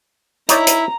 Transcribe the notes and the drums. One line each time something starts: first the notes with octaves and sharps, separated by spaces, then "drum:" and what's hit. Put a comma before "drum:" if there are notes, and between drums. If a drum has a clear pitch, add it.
D#4 E4 C#5 D5 A#5, drum: hi-hat
drum: hi-hat